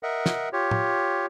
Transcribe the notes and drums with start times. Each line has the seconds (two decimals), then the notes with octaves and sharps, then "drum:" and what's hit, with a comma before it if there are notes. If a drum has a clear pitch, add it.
0.03 A#4 D#5 E5 F#5
0.26 drum: snare
0.53 F4 G4 C#5
0.71 drum: tom A2